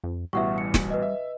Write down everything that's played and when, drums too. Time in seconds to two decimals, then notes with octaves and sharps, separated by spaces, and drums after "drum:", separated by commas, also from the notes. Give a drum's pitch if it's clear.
0.04 F2
0.33 A1 B2 E3 G3 E5 F#5 C#6
0.58 C#7
0.74 drum: snare
0.90 B4 D#5
1.02 E5